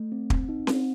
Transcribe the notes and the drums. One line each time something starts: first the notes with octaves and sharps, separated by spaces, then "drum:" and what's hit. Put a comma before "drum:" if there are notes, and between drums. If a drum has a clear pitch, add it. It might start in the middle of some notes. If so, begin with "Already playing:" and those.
Already playing: A3
C4
C4, drum: kick
D#4
C4, drum: snare C#4